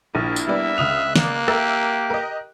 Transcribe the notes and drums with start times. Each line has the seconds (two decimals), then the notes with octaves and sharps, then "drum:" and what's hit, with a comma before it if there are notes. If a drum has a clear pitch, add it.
0.15 A#1 A#3 D4 E4
0.36 drum: tambourine
0.48 G3 B3 D5 E5
0.78 C#2 F5 D#6 F#6 F7
1.16 A#3 D5, drum: snare
1.48 G4 A#4 E5 E6, drum: rim click
2.10 A#4 D#5